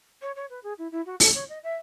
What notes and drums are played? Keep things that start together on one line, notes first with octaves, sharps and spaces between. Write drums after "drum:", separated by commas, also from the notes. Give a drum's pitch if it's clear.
C#5
C#5
B4
G#4
E4
E4
F#4
A4, drum: open hi-hat
C#5
D#5
E5